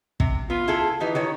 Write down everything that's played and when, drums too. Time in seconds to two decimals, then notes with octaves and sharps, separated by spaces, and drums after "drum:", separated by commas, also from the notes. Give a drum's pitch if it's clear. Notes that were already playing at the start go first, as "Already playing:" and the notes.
0.20 C3, drum: kick
0.50 B3 F4
0.68 E4 G#4 A4
1.00 D#3 E3 D#4 G4
1.15 D#3 C#5